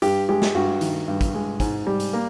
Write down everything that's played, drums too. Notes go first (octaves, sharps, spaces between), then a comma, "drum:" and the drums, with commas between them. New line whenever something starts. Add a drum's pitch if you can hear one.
G2 G4, drum: hi-hat
G#3 G4
drum: snare
G2 F#4
D#3, drum: hi-hat
G2
drum: kick, hi-hat
G#3
G#2, drum: kick, hi-hat
G3
drum: hi-hat
A#3